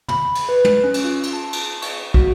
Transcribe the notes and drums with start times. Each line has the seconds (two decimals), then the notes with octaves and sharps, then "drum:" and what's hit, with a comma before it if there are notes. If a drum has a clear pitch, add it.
0.09 B5, drum: tom
0.35 drum: cymbal
0.49 B4
0.65 drum: tom
0.84 C#4
0.94 drum: cymbal
1.04 F4
1.23 drum: cymbal
1.33 A5
1.53 drum: cymbal
1.82 C#6, drum: cymbal
2.14 F#4, drum: kick